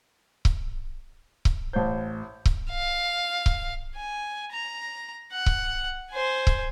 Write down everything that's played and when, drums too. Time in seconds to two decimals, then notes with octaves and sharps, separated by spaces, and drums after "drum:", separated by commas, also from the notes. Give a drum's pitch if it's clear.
0.45 drum: kick C#1
1.45 drum: kick C#1
1.73 A1 C5 A5 G6
2.45 drum: kick C#1
2.71 F5
3.46 drum: kick C#1
3.95 G#5
4.52 A#5
5.32 F#5
5.46 drum: kick C#1
6.11 C5 G#5
6.47 drum: kick C#1